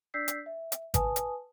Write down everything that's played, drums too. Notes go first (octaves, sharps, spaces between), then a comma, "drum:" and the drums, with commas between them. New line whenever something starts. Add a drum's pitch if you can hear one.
D4 D5 E6 G6 B6 C7
drum: hi-hat
E5
drum: hi-hat
B4 G#5 A5 D#6, drum: kick G#1, hi-hat
drum: hi-hat